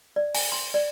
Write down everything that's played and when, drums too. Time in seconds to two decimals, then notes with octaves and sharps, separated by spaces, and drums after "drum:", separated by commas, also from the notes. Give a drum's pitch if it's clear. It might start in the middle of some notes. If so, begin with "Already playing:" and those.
0.16 D5
0.35 G#5, drum: open hi-hat
0.52 C6
0.74 D5